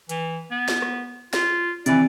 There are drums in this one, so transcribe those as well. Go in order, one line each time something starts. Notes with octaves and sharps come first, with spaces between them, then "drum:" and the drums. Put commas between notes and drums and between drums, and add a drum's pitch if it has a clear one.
E3, drum: hi-hat
B3
drum: snare
drum: rim click
F4, drum: snare
C3 E3 D5, drum: hi-hat